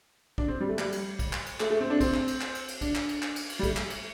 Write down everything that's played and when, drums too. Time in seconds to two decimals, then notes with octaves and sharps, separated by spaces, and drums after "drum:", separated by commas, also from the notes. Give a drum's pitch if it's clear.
0.38 D4, drum: kick
0.48 C4
0.61 G3
0.68 A3
0.79 G3, drum: clap
0.92 drum: cymbal
1.19 drum: kick, cymbal
1.33 drum: clap
1.46 drum: cymbal
1.60 A3, drum: clap
1.71 A3
1.81 C4
1.90 D4
2.01 C4, drum: kick, cymbal
2.14 drum: clap
2.28 drum: cymbal
2.41 drum: clap
2.55 drum: cymbal
2.68 drum: cymbal
2.81 D4, drum: kick, cymbal
2.95 drum: clap
3.09 drum: cymbal
3.22 drum: clap
3.36 drum: cymbal
3.49 drum: cymbal
3.59 G3
3.63 A3, drum: kick, cymbal
3.77 drum: clap
3.90 drum: cymbal